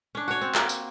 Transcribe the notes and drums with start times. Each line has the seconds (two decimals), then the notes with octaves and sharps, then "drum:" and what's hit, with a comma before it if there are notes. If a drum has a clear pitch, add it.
0.15 C#4 D4
0.28 F#4 C#5
0.41 C4
0.55 A#3, drum: clap
0.69 drum: tambourine